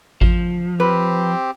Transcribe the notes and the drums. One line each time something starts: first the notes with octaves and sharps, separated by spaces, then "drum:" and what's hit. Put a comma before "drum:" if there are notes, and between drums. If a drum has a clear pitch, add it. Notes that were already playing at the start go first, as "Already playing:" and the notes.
F3, drum: kick G#1
C4 G4 B4